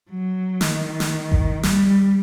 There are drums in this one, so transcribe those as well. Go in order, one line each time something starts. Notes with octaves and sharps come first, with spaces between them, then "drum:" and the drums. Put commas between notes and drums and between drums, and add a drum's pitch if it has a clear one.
F#3
D#3, drum: snare
drum: snare
drum: kick G1
G3, drum: snare